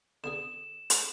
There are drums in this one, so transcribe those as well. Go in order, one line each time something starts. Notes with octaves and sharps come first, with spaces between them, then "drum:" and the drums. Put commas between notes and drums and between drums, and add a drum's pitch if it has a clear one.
D3 B3 G#4 E7
drum: hi-hat